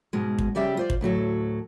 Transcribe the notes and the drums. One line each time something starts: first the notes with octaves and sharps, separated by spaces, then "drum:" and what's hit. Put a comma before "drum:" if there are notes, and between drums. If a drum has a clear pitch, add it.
G#2 B2 G#3
drum: kick
C#3 G3 G4 D5 E5 G5
F4 C5 D5
drum: kick
D2 A2 F#3 A4